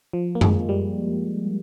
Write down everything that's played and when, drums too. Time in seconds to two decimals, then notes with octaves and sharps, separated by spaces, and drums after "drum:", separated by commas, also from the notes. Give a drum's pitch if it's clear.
0.13 F3
0.35 A#3
0.41 G#3, drum: tom F#2
0.69 G3